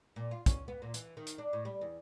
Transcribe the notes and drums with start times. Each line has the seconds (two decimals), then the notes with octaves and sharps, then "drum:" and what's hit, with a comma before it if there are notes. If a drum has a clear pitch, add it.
0.16 A#2
0.31 F4
0.46 C#4, drum: kick, hi-hat
0.68 B3
0.82 A#2
0.94 E3, drum: hi-hat
1.17 D#3
1.27 drum: hi-hat
1.38 D4
1.53 A2
1.65 G3
1.81 E2